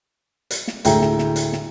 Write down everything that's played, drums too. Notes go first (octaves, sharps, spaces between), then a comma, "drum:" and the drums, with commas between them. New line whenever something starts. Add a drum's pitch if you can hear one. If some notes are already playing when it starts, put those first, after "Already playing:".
drum: hi-hat
drum: snare
D2 A2 E4 G#4 G5 A#5, drum: hi-hat
drum: snare
drum: snare
drum: hi-hat
drum: snare